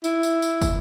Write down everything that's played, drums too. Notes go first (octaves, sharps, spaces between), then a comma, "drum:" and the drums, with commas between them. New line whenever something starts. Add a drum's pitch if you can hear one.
E4, drum: tambourine
drum: tambourine
drum: tambourine
drum: kick, tambourine